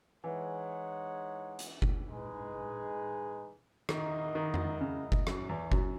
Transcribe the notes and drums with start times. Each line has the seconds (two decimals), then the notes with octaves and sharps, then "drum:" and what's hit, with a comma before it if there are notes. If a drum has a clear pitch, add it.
0.24 E3 G#3 D#4 G#4 C#5 F#5
1.59 drum: hi-hat
1.82 drum: kick F#1
2.07 G#3 D#4 G#4 B4
3.89 D#3 E4 A#4 D#5 F#5, drum: rim click
4.35 D#3
4.54 drum: tom F2
4.81 C#3
5.12 drum: kick F#1
5.27 F#2, drum: rim click
5.49 E2
5.72 F#2, drum: kick F#1